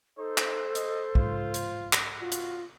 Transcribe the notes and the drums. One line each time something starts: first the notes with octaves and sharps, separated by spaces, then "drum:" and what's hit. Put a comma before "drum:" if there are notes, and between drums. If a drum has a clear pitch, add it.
D#4 A4 C5
drum: clap
D#5, drum: hi-hat
G#2 F4, drum: kick
drum: hi-hat
drum: clap
F4 F#4
drum: hi-hat